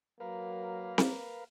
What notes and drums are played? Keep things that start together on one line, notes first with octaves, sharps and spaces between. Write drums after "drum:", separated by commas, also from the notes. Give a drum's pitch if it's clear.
F#3 A#3 A#4 B4 F5
drum: snare C4